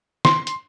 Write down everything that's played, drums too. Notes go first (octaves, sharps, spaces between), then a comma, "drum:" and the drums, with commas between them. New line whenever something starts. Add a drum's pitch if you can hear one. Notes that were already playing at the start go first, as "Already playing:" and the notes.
C6, drum: snare
drum: hi-hat